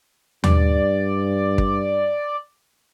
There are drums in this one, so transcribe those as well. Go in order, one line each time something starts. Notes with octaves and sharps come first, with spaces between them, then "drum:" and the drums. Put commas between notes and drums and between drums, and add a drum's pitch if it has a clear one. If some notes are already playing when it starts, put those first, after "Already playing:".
G2 D5, drum: tom
drum: kick